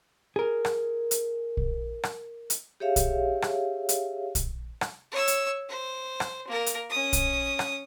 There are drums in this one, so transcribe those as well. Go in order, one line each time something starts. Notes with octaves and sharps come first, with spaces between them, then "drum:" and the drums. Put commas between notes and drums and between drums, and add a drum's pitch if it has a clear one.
G#4 A#4
drum: rim click
drum: hi-hat
drum: kick A#1
drum: rim click
drum: hi-hat
G4 G#4 C#5 E5 F5
drum: kick A#1, hi-hat
drum: rim click
drum: hi-hat
drum: kick A#1, hi-hat
drum: rim click
C#5 E6
drum: hi-hat
C5
drum: rim click
A#3 A#4
drum: hi-hat
C#4 D#6
drum: kick A#1, hi-hat
drum: rim click